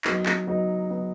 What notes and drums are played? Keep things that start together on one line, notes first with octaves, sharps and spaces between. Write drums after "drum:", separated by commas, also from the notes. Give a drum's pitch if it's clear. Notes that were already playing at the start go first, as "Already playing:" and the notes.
F#3 B3 D#4, drum: clap
drum: clap
F#3 B3 D#4
F#3 B3 D#4